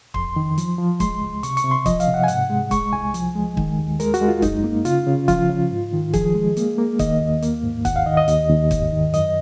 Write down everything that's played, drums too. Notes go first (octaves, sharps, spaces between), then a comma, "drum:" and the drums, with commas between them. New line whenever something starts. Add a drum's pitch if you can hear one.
F2 C6, drum: kick
D#3
F3, drum: hi-hat
F3
G#3 C6, drum: kick, hi-hat
C#2
C3 C#6, drum: hi-hat
C#6, drum: hi-hat
C3
C6
F3 D#5, drum: kick, hi-hat
F5, drum: hi-hat
C3
F#5
G#5
G#2 F#5, drum: hi-hat
G#3
G#3 C#6, drum: kick, hi-hat
C2 G#5
F3, drum: hi-hat
G#3
D#3, drum: kick
D#2
G#3 A#4, drum: hi-hat
F#4, drum: hi-hat
G#3
F4
F#2 D#4, drum: kick, hi-hat
A#3
C#3 F4, drum: hi-hat
C#3
F3 F4, drum: kick, hi-hat
C#3
G#2
D#3
F3 G#4, drum: kick, hi-hat
G#3
A#3, drum: hi-hat
A#3
D#3 D#5, drum: kick, hi-hat
D#2
A#3, drum: hi-hat
G#2
D#2 F#5, drum: kick, hi-hat
F5
D#3 D#5
D#5
D#2, drum: hi-hat
D#2
G#2, drum: kick, hi-hat
D#3
F#2 D#5, drum: hi-hat